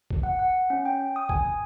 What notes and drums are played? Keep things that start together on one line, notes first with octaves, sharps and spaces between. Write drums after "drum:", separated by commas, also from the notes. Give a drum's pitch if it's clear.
drum: kick
F#5
F#5
C#4
G5
D#6
G#5, drum: kick